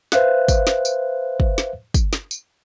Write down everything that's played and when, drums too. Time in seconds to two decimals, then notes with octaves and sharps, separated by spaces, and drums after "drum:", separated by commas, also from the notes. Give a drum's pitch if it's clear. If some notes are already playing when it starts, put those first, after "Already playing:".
0.12 B4 C5 E5 F5 F#6, drum: snare
0.48 drum: kick, tambourine
0.67 drum: snare
0.85 drum: tambourine
1.40 drum: kick
1.58 drum: snare
1.94 drum: kick, tambourine
2.13 drum: snare
2.31 drum: tambourine